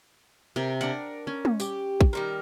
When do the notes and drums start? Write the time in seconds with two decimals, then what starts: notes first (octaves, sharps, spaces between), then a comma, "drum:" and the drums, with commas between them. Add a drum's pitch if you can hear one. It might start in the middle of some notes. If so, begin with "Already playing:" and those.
0.56 C3 A#4
0.81 D4 A#4 D5 F#5
1.27 C#4
1.45 drum: tom
1.60 G4, drum: tambourine
2.01 drum: kick
2.13 D#3 G3 A#4